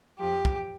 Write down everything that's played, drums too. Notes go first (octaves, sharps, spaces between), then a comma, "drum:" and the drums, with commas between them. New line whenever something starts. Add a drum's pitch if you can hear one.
F2 F3 G4
drum: kick